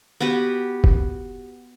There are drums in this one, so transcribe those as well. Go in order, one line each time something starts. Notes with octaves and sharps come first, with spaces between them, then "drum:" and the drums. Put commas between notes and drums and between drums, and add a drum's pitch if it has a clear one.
B3 F#4 G4 B4
drum: kick F1